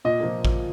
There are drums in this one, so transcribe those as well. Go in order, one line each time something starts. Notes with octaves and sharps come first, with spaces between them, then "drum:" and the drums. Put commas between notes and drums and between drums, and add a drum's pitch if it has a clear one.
A#2 D#5
F3 A#3
drum: kick A1